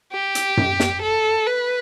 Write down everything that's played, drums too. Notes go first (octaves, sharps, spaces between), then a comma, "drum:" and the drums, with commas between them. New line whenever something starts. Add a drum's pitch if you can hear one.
G4
drum: hi-hat
drum: tom F#2
drum: snare
A4
B4